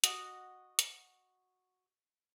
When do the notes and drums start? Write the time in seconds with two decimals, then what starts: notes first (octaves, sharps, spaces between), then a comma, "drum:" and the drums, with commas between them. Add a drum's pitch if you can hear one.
0.04 F#4 D#5 F#5, drum: hi-hat
0.79 drum: hi-hat